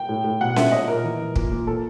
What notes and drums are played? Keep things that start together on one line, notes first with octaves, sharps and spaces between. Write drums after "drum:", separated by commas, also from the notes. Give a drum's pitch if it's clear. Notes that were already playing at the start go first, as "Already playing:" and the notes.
Already playing: G5
A2
A2
B2 F#5
B2 E5, drum: snare C#4
A#2 D#5
A#2 A#4
E3
E3
A#2, drum: kick
A#2
A#2 A4